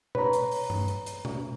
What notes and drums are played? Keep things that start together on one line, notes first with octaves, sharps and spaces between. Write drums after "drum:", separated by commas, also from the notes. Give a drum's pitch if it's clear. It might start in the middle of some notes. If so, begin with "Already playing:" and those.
B4 C#5 A#5, drum: tom B2
drum: hi-hat
drum: open hi-hat
drum: tom G2
drum: hi-hat
drum: hi-hat
drum: tom B2